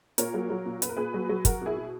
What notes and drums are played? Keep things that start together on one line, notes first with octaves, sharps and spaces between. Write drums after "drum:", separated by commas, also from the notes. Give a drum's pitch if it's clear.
A#2 A#4 C#5, drum: hi-hat
F#3
F#3
A#2
A#2 B4, drum: hi-hat
A#4
A#2 G#4 B4
F#3
F#3
F#3 F#4 A#4, drum: kick, hi-hat
B2 E4 G#4
B2